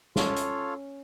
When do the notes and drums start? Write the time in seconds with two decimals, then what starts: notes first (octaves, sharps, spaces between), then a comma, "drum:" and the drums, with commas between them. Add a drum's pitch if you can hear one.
0.16 C#4 F4 A4 C#5 F5, drum: snare
0.36 drum: hi-hat